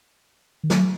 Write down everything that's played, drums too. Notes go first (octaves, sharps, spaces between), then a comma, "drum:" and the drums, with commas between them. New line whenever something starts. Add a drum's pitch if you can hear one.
D#3
F#3, drum: snare